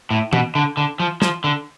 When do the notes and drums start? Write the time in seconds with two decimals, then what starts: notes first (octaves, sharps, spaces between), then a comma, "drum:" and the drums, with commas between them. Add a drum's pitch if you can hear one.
0.11 A2
0.33 B2, drum: tom E3
0.55 D3
0.77 D3
1.00 F3
1.22 F3, drum: snare
1.44 D3